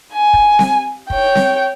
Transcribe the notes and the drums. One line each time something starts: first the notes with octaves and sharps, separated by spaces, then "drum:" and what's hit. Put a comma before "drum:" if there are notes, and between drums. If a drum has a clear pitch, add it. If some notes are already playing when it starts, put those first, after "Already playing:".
G#5
drum: kick
drum: snare C4
C#5 G5, drum: kick
drum: snare C4